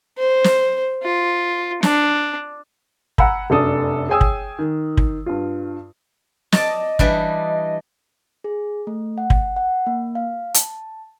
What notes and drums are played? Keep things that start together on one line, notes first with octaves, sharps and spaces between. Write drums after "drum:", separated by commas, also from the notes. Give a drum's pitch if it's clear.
C5
drum: snare
F4
D4, drum: snare
F#5 G#5 A#5 B5 E6, drum: kick
F1 F#2 D4 A4 D#6
G#4 C#5 G5 G#5 D#6 E6
drum: kick
D#3
drum: kick
G2 F4
D5 D#5 A5, drum: snare
E3 G3 D4, drum: kick
G#4
A3
F#5
drum: kick
F#5
A#3
F5
A5, drum: hi-hat